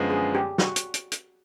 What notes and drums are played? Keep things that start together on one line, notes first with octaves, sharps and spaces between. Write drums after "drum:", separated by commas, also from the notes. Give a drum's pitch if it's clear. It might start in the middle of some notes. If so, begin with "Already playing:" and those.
Already playing: F#2 D3 F3 G#3 B3
G#4
G4
F#4, drum: snare
drum: hi-hat
drum: hi-hat
drum: hi-hat